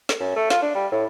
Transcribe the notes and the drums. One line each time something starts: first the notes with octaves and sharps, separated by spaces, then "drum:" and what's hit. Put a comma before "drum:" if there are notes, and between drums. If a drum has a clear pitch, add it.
drum: snare
F#2
A3
F4, drum: snare
D4
G3
A2